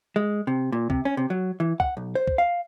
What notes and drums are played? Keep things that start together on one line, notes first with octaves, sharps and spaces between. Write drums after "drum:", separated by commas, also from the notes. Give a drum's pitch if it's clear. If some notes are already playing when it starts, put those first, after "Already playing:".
G#3
C3
A#2
C3, drum: kick
C#4
C3
F#3
E3
F#5, drum: kick
B1
C5
drum: kick
F5